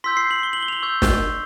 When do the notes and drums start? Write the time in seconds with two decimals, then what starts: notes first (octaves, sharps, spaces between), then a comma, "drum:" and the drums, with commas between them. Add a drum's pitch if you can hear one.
0.04 C6 E6 G6 B6
0.17 C7
0.31 F#7
0.43 G7
0.53 F#7
0.63 G7
0.68 F7
0.73 F#7
0.82 C#6 E6 G6
1.02 drum: snare